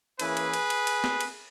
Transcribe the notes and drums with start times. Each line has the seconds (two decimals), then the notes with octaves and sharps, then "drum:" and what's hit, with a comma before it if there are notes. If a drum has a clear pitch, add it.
0.19 E3 A#3 C#4 E4 G#4 B4, drum: cymbal
0.37 drum: cymbal
0.54 drum: cymbal
0.70 drum: cymbal
0.87 drum: cymbal
1.04 drum: snare
1.21 drum: cymbal